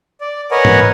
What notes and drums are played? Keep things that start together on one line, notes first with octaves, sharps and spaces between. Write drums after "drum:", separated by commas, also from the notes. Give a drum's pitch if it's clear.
D5
A#4 B4 C#5 D#5 F#5 G#5
drum: tom G#2